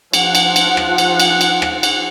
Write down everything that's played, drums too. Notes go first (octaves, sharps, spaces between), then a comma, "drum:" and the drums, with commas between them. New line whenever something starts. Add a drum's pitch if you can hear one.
F3 F#5, drum: cymbal
drum: cymbal
drum: cymbal
drum: rim click
drum: cymbal
drum: cymbal
drum: cymbal
drum: rim click
drum: cymbal